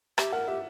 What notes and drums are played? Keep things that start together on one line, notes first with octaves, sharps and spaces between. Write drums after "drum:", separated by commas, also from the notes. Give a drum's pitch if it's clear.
G4 E5, drum: rim click
A#4 F#5
G4 E5